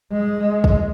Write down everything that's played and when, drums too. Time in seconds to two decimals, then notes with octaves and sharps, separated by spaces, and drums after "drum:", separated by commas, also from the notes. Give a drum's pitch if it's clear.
0.12 G#3
0.64 drum: kick